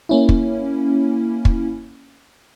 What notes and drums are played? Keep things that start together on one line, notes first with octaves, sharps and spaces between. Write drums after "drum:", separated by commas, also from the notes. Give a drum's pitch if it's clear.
A#3 C#4 E4
drum: kick
drum: kick